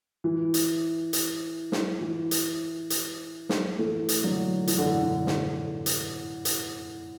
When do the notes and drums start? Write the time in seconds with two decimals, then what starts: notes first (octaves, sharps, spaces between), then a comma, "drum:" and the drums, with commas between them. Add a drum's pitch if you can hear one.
0.24 E3
0.54 drum: hi-hat
1.13 drum: hi-hat
1.72 drum: snare
2.01 E3
2.31 drum: hi-hat
2.90 drum: hi-hat
3.49 drum: snare
3.78 E3 A3
4.09 drum: hi-hat
4.23 D3 F#3
4.67 E3, drum: hi-hat
4.78 D3
5.00 D3
5.27 drum: snare
5.86 drum: hi-hat
6.45 drum: hi-hat